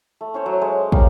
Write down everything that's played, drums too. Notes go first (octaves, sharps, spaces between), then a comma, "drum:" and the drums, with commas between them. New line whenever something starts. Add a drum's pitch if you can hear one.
A3
C#4 C5 C#5
F#3
G#3
G3 A#4 F5, drum: kick